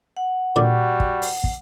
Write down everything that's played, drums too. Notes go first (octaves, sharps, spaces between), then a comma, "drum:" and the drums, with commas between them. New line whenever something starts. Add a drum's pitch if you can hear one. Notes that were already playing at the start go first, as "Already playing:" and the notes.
F#5
A#2 D3 G3 F#4 D5
drum: kick
drum: open hi-hat
drum: kick